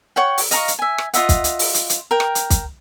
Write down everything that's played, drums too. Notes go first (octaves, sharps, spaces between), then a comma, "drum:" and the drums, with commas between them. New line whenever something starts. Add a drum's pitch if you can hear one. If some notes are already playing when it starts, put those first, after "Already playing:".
C#5 F#5 G5
drum: open hi-hat
D#5 F5 A#5 C#6, drum: hi-hat
drum: hi-hat
E5 G#5
drum: rim click
F4 D#5 E5 F#5, drum: hi-hat
drum: kick, hi-hat
drum: hi-hat
drum: open hi-hat
drum: hi-hat
drum: hi-hat
A#4 G5
drum: rim click
drum: hi-hat
drum: kick, hi-hat